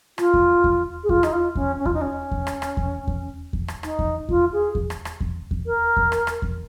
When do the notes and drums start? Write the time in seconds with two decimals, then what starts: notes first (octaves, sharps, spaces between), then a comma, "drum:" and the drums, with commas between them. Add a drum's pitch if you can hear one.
0.18 F4, drum: rim click
0.34 drum: kick E2
0.64 drum: kick E2
1.03 G#4
1.09 F4, drum: kick E2
1.23 D#4, drum: rim click
1.32 F4
1.55 C#4, drum: kick E2
1.79 C#4
1.85 F4, drum: kick E2
1.93 D#4
2.01 C#4
2.31 drum: kick E2
2.47 drum: rim click
2.62 drum: rim click
2.77 drum: kick E2
3.07 drum: kick E2
3.53 drum: kick E2
3.68 drum: rim click
3.83 D#4, drum: rim click
3.99 drum: kick E2
4.29 F4, drum: kick E2
4.52 G#4
4.75 drum: kick E2
4.90 drum: rim click
5.05 drum: rim click
5.21 drum: kick E2
5.51 drum: kick E2
5.66 A#4
5.97 drum: kick E2
6.12 drum: rim click
6.27 drum: rim click
6.42 drum: kick E2